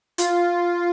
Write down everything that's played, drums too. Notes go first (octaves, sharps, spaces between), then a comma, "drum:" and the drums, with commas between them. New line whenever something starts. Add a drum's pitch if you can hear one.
F4, drum: hi-hat